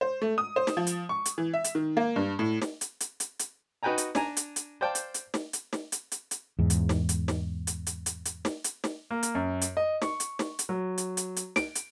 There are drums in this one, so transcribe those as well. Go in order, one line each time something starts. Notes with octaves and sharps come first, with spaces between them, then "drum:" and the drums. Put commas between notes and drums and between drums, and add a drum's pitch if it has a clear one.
C5
A3
D#6
C5
drum: snare
F3
drum: hi-hat
C#6
drum: hi-hat
E3
E5
drum: hi-hat
D#3
A#3
G2
A2
drum: snare
drum: hi-hat
drum: hi-hat
drum: hi-hat
drum: hi-hat
D#4 F#4 B4 G5 G#5 A#5
drum: hi-hat
D4 G#5 A#5, drum: snare
drum: hi-hat
drum: hi-hat
C5 D5 F5 G5 A5
drum: hi-hat
drum: hi-hat
drum: snare
drum: hi-hat
drum: snare
drum: hi-hat
drum: hi-hat
drum: hi-hat
E2 G#2
drum: hi-hat
drum: snare
drum: hi-hat
drum: snare
drum: hi-hat
drum: hi-hat
drum: hi-hat
drum: hi-hat
drum: snare
drum: hi-hat
drum: snare
A#3
drum: hi-hat
F#2
drum: hi-hat
D#5
C#6, drum: snare
drum: hi-hat
drum: snare
drum: hi-hat
F#3
drum: hi-hat
drum: hi-hat
drum: hi-hat
D7, drum: snare
drum: hi-hat